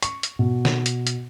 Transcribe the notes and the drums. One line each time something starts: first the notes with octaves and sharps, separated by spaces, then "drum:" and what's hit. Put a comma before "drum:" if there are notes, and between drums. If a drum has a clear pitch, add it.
C#6, drum: hi-hat
drum: hi-hat
B2
drum: snare
drum: hi-hat
drum: hi-hat